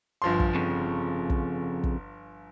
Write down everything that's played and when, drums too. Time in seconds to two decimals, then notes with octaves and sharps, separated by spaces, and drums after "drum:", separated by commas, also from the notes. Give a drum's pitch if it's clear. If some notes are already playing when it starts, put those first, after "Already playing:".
0.22 G1 F3 C6
0.40 drum: kick
0.55 F2 C#3
1.30 drum: kick
1.84 drum: kick